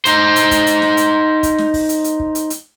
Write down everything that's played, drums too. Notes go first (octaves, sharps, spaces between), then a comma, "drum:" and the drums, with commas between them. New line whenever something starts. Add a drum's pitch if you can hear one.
D#4 C5, drum: hi-hat
drum: hi-hat
drum: kick, hi-hat
drum: hi-hat
drum: snare
drum: hi-hat
drum: kick, hi-hat
drum: snare
drum: kick, open hi-hat
drum: hi-hat
drum: hi-hat
drum: kick
drum: hi-hat
drum: hi-hat